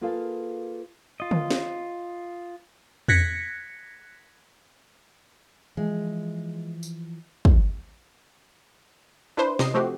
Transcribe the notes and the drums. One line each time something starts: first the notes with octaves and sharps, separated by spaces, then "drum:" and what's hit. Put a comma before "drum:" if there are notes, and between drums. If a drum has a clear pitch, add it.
A#3 F4 G#4 A4 B4 F5
F4 D#5
drum: tom D3
drum: snare
F#6 G#6 A#6 B6 C#7, drum: tom E2
E3 F3 G#3
drum: tambourine
drum: kick
D4 E4 B4 C5
C3 D#5 C7, drum: snare
F3 A3 C4 F#4 G4